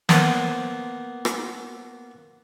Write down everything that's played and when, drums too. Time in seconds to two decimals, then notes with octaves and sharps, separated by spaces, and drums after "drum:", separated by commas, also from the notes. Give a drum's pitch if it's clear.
0.09 A#3 B3 C5, drum: snare
1.25 drum: rim click